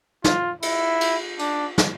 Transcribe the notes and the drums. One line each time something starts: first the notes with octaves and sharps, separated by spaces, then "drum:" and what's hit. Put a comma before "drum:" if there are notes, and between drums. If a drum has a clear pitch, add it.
F4, drum: snare
E4, drum: cymbal
drum: cymbal
D4, drum: cymbal
drum: snare